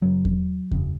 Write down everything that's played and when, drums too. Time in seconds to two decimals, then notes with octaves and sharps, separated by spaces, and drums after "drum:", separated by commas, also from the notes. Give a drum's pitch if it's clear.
0.01 F#1 F#2 C#3 F#3
0.25 drum: kick E2
0.71 F#1 F#2 C#3, drum: kick E2